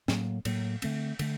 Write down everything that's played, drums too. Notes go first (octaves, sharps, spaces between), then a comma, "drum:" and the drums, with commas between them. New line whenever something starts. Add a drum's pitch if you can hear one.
A2 F#3 A#3, drum: snare
A2 F#3 A#3, drum: cymbal
D3 A3 C4, drum: cymbal
D3 A3, drum: cymbal